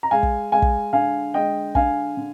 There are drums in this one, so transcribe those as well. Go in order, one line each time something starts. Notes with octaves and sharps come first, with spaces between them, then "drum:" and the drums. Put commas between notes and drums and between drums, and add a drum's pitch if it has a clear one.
A#5
G#3 F5 G#5
drum: kick
G#3 F5 G#5
drum: kick
D3 F5 G#5
G#3 D#5 G5
D3 F5 G#5, drum: kick
D3